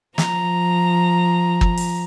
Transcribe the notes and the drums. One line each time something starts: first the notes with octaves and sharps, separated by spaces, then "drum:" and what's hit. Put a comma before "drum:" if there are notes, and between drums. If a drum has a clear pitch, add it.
F3 A#5, drum: snare
drum: kick
drum: open hi-hat